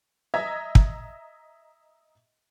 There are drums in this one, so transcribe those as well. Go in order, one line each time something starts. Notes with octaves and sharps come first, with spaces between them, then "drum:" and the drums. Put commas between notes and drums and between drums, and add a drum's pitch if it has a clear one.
D#5 E5 A#5 G#6
drum: kick